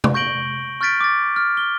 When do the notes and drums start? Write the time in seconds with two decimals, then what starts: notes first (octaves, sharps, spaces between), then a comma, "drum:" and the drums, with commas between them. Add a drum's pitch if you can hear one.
0.04 drum: tom C3
0.14 C#6 G6 A#6 D7 F#7 G7
0.81 C#6 F6 G6 A6 B6 D7
1.01 D6 A6
1.36 F6
1.57 G7